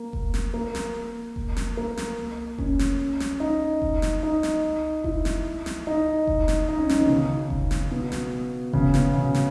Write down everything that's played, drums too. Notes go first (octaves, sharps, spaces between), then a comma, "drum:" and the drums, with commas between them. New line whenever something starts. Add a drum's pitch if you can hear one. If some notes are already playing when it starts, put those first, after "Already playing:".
Already playing: A#3
drum: kick F1
drum: snare
A#3
drum: snare
drum: kick F1
drum: snare
A#3
drum: snare
C#4, drum: kick F1
drum: snare
drum: snare
D#4
drum: kick F1
drum: snare
D#4
drum: snare
E4, drum: kick F1
drum: snare
drum: snare
D#4
drum: kick F1
drum: snare
D#4
C#4
C#4, drum: snare
D#3
B2
C#3
drum: kick F1
drum: snare
B2
drum: snare
C#3, drum: kick F1
B2, drum: snare
C#3
drum: snare